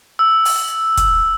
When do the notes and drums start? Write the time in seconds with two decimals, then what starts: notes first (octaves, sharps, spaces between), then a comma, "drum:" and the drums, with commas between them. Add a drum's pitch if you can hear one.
0.19 E6
0.45 drum: open hi-hat
0.97 drum: kick, hi-hat